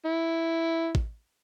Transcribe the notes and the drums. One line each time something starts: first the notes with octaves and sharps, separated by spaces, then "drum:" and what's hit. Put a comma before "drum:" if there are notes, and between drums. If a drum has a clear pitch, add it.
E4
drum: kick